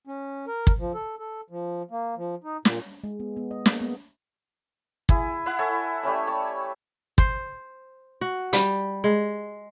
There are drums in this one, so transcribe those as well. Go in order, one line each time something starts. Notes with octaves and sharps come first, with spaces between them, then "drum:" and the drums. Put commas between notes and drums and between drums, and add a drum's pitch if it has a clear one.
C#4
A#4
drum: kick
F3
A4
A4
F3
A#3
F3
D#4
A#2, drum: snare
G#3
B3
B3
D#5
A#3, drum: snare
B3
E4 G#4 G#5, drum: kick
E4 F#5
A4 C#5 E5 G#5
G3 A3 C#4 E5
C#5 A5
C5, drum: kick
F#4
G3, drum: hi-hat
G#3